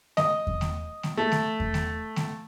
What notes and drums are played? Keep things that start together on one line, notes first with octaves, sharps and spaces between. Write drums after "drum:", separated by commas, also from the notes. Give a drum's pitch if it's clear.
D#5, drum: snare A3
drum: kick E2
drum: snare A3
drum: snare A3
A3
drum: snare A3
drum: kick E2
drum: snare A3
drum: snare A3